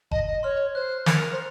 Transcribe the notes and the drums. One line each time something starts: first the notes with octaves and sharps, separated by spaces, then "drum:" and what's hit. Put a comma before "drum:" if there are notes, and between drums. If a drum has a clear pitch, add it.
D#5 A5, drum: kick F#1
D#5
C#5 C6 F6
C5 F#6
A#4 A6 C#7 F7, drum: snare
C5